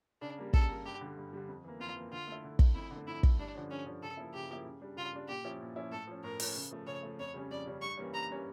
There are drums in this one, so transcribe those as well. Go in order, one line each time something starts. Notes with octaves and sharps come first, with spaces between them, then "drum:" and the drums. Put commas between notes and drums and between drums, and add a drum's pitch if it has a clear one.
C#3 D4
G3 A#3
C#3 A4, drum: kick
G3 A#3
G2 G4
D3 G3
G2
D3 G3
F2
E3 A#3
F2 F4
E3 A#3
D3 F4
A3 E4
D3
A3 E4, drum: kick
F2 E4
D3
A3
F2 E4
D3 A3, drum: kick
G2 D4
D3 F3 C#4
G2 C#4
D3 F3 C#4
C#3 A4
F3 A#3 E4
C#3 G4
F3 A#3 E4
C#3
G3 D4
C#3 F4
G3 D4
A#2 G4
F3 C#4 E4
A#2
F3 C#4 E4
A2 A4
F3 C#4
A2 A#4
F3 C#4, drum: open hi-hat
C#3
F3 A3
C#3 C#5
F3 A3
F2 C#5
C#3 G3 C#4
F2 D5
C#3 G3 C#4
G2 C#6
E3 G3 A#3 C#4
G2 A#5
E3 G3 A#3 C#4